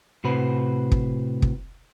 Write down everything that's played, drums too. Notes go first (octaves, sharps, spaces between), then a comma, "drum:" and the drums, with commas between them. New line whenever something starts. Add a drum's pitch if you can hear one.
A2 C3 F#4 B4 C5 B5
drum: kick
drum: kick